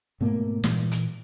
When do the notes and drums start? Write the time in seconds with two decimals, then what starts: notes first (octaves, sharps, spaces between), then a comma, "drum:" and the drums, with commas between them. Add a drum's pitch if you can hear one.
0.21 G#2 B2 A3 A#3
0.64 A#2 E3, drum: snare
0.91 drum: hi-hat